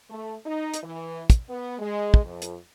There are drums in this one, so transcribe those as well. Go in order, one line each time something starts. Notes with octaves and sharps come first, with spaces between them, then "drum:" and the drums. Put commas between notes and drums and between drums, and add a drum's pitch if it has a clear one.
A3
D#4
drum: hi-hat
E3
drum: kick, hi-hat
B3
G#3
drum: kick
F2
drum: hi-hat